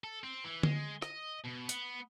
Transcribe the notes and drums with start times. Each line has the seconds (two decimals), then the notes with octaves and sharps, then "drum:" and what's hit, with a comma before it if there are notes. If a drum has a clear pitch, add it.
0.04 A4
0.23 C4
0.44 E3
0.63 G#3, drum: tom D3
1.02 D#5, drum: rim click
1.45 B2
1.69 B3, drum: hi-hat